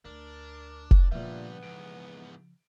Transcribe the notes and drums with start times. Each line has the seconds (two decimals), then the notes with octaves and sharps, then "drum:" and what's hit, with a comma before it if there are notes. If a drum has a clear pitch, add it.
0.05 D2 D4 A#4
0.91 drum: kick F1
1.12 G2 A#2 C#3 F3 G3 B3 E5
1.63 E2 G#2 D7